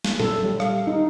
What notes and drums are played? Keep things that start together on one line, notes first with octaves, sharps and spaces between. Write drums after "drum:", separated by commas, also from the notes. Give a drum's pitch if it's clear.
drum: snare
A4, drum: tom
G3
F5, drum: rim click
D#4